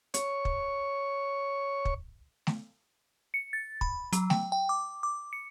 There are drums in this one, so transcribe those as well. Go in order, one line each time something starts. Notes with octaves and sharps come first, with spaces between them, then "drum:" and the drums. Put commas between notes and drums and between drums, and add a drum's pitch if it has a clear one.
C#5 C#6, drum: hi-hat
drum: kick
drum: kick
drum: snare A3
C#7
A6
B5, drum: kick
F#3, drum: hi-hat
G5, drum: snare A3
G5
D6
D6
C#7